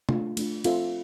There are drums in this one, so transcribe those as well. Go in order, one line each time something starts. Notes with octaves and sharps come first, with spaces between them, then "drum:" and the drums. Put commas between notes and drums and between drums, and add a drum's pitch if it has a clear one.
A3 D4 F4, drum: tom
A3 D4 F4, drum: cymbal
C4 F4 A4 C5 E5, drum: cymbal